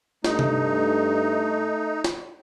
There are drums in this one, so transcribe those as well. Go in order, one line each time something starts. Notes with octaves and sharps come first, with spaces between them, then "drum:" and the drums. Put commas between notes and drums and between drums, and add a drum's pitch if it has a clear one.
G2 A3 D#4, drum: snare
drum: tom C3
drum: snare